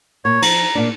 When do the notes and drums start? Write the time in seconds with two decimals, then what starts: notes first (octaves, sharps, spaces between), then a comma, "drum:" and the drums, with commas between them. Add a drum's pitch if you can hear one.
0.25 A#2 C#5
0.42 F3 A#5, drum: cymbal
0.75 A#2 D4